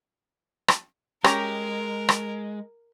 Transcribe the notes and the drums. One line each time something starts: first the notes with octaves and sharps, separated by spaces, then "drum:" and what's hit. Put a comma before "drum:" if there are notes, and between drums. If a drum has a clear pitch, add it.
drum: rim click
G#3 C#4 G4 A#4 A#5, drum: rim click
drum: rim click